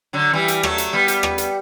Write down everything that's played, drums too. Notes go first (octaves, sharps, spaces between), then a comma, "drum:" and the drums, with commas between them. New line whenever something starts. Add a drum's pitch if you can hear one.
D3 F#3
E3 G3
drum: hi-hat
F#3 A3, drum: rim click
drum: hi-hat
G3 B3
drum: hi-hat
drum: rim click
drum: hi-hat